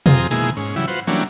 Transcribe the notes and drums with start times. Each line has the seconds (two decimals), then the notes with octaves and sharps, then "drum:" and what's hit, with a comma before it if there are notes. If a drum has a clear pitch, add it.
0.06 F2 C4 F4 G#4 A#5 D#6, drum: tom B2
0.31 B2 D#3 G#3 A#3 E4 G#4, drum: hi-hat
0.57 G#2 C#4
0.76 C#3 E3 F#3 G3 E4
0.88 F4 F#4 B4 C5
1.07 E3 F#3 G3 A#3 C#4 D4